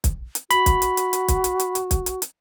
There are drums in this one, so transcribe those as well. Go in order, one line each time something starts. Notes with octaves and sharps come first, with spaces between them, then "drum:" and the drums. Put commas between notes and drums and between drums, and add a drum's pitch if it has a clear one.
drum: kick, hi-hat
drum: hi-hat
F#4 B5, drum: hi-hat
drum: kick, hi-hat
drum: hi-hat
drum: hi-hat
drum: hi-hat
drum: kick, hi-hat
drum: hi-hat
drum: hi-hat
drum: hi-hat
drum: kick, hi-hat
drum: hi-hat
drum: hi-hat